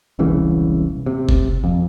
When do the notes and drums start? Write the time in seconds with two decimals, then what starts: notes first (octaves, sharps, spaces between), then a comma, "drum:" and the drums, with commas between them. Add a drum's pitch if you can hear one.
0.19 E1 C2 C#3 E3
1.06 C3
1.29 drum: kick F#1
1.64 F2